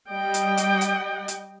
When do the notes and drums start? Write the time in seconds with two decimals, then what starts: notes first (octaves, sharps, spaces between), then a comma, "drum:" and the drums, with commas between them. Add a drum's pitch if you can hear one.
0.10 G3 D#5 G5
0.34 drum: hi-hat
0.57 drum: hi-hat
0.81 drum: hi-hat
1.28 drum: hi-hat